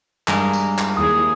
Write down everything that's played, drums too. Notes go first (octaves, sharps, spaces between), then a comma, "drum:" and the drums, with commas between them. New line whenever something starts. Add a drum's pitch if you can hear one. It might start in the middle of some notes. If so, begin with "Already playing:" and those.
G2 G#3 A#3 A#4, drum: clap
drum: tambourine
drum: clap
D#2 E4 G#4 D#6